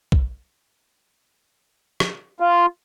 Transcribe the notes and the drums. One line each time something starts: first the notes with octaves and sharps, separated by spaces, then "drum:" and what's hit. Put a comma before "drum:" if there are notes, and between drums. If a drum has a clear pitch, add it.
drum: kick
drum: rim click
F4